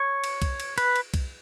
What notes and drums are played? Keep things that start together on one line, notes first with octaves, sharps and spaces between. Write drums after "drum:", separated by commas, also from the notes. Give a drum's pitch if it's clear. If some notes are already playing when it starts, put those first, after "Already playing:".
Already playing: C#5
drum: cymbal
drum: kick C2, cymbal
drum: cymbal
B4, drum: cymbal
drum: cymbal
drum: kick C2, cymbal